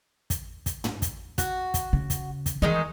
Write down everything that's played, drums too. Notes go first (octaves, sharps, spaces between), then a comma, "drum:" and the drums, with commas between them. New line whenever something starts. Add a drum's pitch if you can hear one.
drum: kick, hi-hat
drum: kick, hi-hat
drum: tom
drum: kick, hi-hat
F#4, drum: kick, hi-hat
drum: kick, hi-hat
C#3
drum: kick, hi-hat
drum: kick, hi-hat
D#3 E3 G#3 D#4